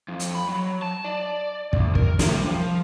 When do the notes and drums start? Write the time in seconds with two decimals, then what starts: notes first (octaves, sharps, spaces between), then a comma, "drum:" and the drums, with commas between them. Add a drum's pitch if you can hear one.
0.08 F2
0.20 drum: hi-hat
0.35 B5
0.49 F#3
0.82 A5
1.04 D5
1.73 D2, drum: kick
1.95 A#4, drum: kick
2.19 C3, drum: snare
2.35 G3
2.46 F3